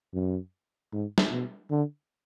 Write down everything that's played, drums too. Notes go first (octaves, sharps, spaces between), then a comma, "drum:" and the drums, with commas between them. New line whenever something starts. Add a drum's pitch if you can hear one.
F#2
G#2
drum: snare
B2
D3